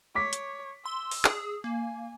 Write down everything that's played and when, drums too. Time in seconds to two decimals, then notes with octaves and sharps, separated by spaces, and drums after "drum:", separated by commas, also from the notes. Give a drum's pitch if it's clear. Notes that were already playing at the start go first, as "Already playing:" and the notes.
0.15 C#5 D6 B6
0.33 drum: hi-hat
0.85 C6 E6
1.11 drum: open hi-hat
1.25 G#4, drum: clap
1.64 A#3 G#5